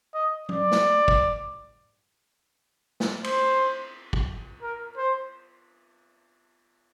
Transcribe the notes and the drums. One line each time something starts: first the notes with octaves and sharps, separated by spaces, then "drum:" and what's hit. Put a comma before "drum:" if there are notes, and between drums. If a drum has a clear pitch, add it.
D#5
D5, drum: tom F#3
drum: snare
drum: kick
drum: snare
C5, drum: cymbal
drum: kick
A#4
C5